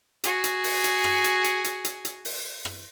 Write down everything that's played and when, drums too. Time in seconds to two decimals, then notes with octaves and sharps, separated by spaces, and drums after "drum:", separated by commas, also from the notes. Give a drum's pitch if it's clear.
0.24 F#4 G#4, drum: hi-hat
0.44 drum: hi-hat
0.64 drum: open hi-hat
0.84 drum: hi-hat
1.04 drum: rim click
1.24 drum: hi-hat
1.44 drum: hi-hat
1.64 drum: hi-hat
1.85 drum: hi-hat
2.05 drum: hi-hat
2.25 drum: open hi-hat
2.65 drum: rim click